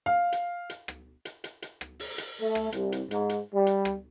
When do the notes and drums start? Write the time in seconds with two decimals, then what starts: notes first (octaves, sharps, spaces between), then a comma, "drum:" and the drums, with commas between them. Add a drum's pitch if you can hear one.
0.06 F5
0.32 drum: hi-hat
0.70 drum: hi-hat
0.88 drum: rim click
1.25 drum: hi-hat
1.44 drum: hi-hat
1.62 drum: hi-hat
1.81 drum: rim click
2.00 drum: open hi-hat
2.18 drum: hi-hat
2.40 A3
2.55 drum: rim click
2.72 C2, drum: hi-hat
2.92 drum: hi-hat
3.11 G#2, drum: hi-hat
3.29 drum: hi-hat
3.54 G3
3.67 drum: hi-hat
3.85 drum: rim click